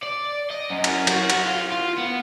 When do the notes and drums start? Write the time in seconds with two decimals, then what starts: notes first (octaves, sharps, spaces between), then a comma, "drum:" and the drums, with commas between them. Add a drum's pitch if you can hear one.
0.02 D5
0.51 D#5
0.70 F#2
0.84 drum: cymbal
1.07 F#4, drum: cymbal
1.30 drum: cymbal
1.46 F4
1.72 F4
1.98 B3